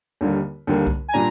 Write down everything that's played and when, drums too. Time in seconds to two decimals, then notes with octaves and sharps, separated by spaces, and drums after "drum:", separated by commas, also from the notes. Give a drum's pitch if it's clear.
0.21 D#2 D3 G3 A#3
0.67 D#2 D3 G3 A#3
0.87 drum: kick C2
1.08 G#5
1.13 A#2 G3 D4 A#5